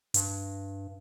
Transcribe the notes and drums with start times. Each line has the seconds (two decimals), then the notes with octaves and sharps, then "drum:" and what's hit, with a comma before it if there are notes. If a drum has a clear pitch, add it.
0.14 G2, drum: hi-hat